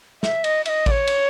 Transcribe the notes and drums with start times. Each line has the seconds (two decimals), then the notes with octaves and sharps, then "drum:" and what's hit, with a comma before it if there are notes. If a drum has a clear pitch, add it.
0.23 E5, drum: snare
0.44 D#5, drum: cymbal
0.66 E5, drum: cymbal
0.69 D#5
0.86 D5, drum: kick A1, cymbal
0.91 C#5
1.07 drum: cymbal